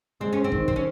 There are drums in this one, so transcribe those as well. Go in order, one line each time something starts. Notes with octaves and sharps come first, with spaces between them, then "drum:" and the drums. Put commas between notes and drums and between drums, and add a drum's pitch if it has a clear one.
G#3 C4
C#4
C4
D#3, drum: kick
C4, drum: kick
C#4